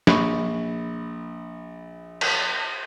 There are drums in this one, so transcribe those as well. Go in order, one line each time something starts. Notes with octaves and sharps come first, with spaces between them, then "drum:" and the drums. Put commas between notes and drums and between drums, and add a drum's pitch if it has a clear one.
A#1 B5 C#6, drum: snare
drum: cymbal